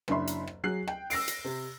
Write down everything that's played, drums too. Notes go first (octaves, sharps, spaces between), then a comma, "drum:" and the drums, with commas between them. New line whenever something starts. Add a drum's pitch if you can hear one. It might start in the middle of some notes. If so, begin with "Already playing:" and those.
F#1 F#2 D4 E5 B5 C6, drum: rim click
drum: hi-hat
drum: rim click
F#3 G#4 F#6 C7
G5, drum: rim click
E6 A#6 C7 D7, drum: open hi-hat
drum: hi-hat
C3